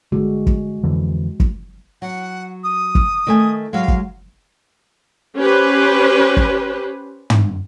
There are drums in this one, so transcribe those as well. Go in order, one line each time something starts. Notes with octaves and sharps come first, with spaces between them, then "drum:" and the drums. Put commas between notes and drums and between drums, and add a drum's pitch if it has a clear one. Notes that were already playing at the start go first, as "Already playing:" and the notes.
G1 D3 G#3 F#4
drum: kick
F2 D3 E3
drum: kick
F#3 F#5
D#6
drum: kick
D#3 A3 G#5
F#3 G#3 F5
drum: kick
C#4 G4 B4 C5
drum: kick
drum: tom